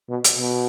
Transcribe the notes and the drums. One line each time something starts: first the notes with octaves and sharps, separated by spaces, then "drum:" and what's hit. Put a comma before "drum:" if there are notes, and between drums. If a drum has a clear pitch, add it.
B2
drum: hi-hat
B2